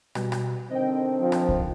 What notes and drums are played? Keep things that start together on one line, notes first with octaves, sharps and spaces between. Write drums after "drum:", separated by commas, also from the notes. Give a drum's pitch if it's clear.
B2 G3, drum: rim click
drum: rim click
D3 D#3 C4 D#5 G5
F3
drum: rim click
drum: kick C2